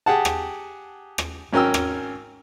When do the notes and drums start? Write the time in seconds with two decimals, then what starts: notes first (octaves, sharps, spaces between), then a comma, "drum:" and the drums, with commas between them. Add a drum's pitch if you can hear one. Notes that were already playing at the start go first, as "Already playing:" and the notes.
0.06 G4 G#4 F#5 A5
0.25 drum: rim click
1.18 drum: rim click
1.53 G#1 C#4 A#4 G5 E6
1.74 drum: rim click